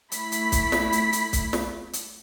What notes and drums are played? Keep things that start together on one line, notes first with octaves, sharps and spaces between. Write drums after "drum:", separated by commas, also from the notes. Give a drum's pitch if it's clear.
A3 E4 B5 B6, drum: hi-hat
drum: hi-hat
drum: kick, hi-hat
drum: snare
drum: hi-hat
drum: hi-hat
drum: kick, hi-hat
drum: snare
drum: hi-hat